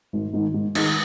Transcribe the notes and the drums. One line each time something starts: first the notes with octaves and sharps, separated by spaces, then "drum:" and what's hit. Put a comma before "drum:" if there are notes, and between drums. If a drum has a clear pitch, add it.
G#1
G#2 D#3
G#2
D#3 G#3, drum: cymbal